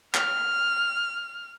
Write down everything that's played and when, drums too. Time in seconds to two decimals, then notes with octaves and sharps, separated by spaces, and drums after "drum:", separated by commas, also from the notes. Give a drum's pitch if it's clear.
0.15 F6, drum: clap